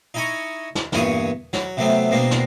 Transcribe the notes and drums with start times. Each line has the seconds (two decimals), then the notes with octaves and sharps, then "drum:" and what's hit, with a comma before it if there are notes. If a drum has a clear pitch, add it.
0.14 D#4 E4 D#5 G#5 A#5 C#6
0.75 drum: snare
0.92 E2 G2 A#2 G#5 C#6 D#6, drum: snare
1.53 F#3, drum: snare
1.77 C3 F#3 A3 B3 C4
2.11 B2 G#3 A#3 C4 D4
2.31 drum: snare